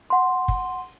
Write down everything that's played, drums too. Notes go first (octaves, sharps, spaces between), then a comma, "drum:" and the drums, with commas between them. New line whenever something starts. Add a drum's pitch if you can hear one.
F#5 C6
drum: kick